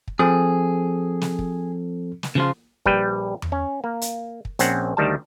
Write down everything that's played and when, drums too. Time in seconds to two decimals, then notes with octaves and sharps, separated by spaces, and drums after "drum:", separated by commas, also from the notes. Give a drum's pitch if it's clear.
0.08 drum: kick
0.19 F3 C4 G#4 A4
1.21 drum: snare
1.39 drum: kick
2.23 drum: snare
2.35 C#3 F3 F4
2.86 A#1 G3 B4 G5, drum: kick
3.42 drum: tom E2
3.52 C#4
3.84 A#3
4.02 drum: hi-hat
4.45 drum: kick
4.59 A#1 C4 C#4 F#5, drum: hi-hat
4.97 D2 D#3 G3 A5